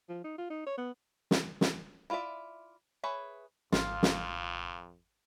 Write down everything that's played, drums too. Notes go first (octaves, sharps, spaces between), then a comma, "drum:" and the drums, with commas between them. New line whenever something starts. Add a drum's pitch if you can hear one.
F3
D#4
F4
D#4
C#5
B3
drum: snare
drum: snare
E4 F4 C#5 D5 E5
G#4 B4 C#5 E5
G#1 F2 F4, drum: snare
drum: snare